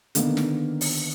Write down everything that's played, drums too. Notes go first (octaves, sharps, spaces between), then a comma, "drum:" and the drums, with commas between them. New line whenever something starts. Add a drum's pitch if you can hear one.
D3 D#3 A#3 B3 D4, drum: hi-hat
drum: snare
drum: open hi-hat